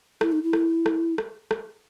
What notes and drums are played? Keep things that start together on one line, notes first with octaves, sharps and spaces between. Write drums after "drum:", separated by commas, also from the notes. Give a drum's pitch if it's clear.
E4, drum: rim click
D#4
E4
drum: rim click
drum: rim click
drum: rim click
drum: rim click